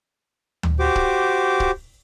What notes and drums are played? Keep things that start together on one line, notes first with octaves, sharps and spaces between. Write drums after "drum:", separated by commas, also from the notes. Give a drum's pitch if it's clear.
drum: tom D2
F#4 G4 C5 D6
drum: kick
drum: kick